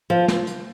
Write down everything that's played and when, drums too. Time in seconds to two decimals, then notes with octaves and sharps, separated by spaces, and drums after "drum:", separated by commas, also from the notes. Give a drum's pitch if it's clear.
0.10 F3
0.28 drum: snare
0.47 drum: hi-hat